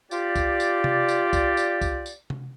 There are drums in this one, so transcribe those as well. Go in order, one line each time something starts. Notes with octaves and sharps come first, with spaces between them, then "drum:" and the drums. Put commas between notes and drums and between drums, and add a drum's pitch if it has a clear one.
F4 G4 D5, drum: tambourine
drum: kick C2, tambourine
drum: tambourine
drum: tom C3
drum: tambourine
drum: kick C2, tambourine
drum: tambourine
drum: kick C2, tambourine
drum: tambourine
drum: tom C3